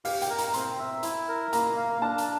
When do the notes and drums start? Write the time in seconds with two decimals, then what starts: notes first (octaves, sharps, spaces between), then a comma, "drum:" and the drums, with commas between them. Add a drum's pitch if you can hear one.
0.05 G4 F5, drum: open hi-hat
0.22 G5, drum: hi-hat
0.30 A#4
0.38 A#5, drum: hi-hat
0.54 C4 C6, drum: hi-hat
0.79 E5
1.03 E4, drum: hi-hat
1.28 A#4
1.53 A#3 A#5, drum: hi-hat
1.76 F5
2.01 D4 A5
2.18 drum: hi-hat